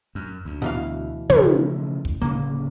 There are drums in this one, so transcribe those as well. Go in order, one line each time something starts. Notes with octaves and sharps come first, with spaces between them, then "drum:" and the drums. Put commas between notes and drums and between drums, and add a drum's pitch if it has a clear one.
F#2
D2
B2 E3 F5
C#3 F3 A3, drum: tom
drum: kick
D1 C#3 A#3